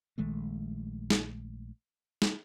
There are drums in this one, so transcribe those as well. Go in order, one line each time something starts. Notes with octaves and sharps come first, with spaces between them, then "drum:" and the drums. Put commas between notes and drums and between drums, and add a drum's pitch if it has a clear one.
A#1 D#3 G#3 A3
drum: snare
drum: snare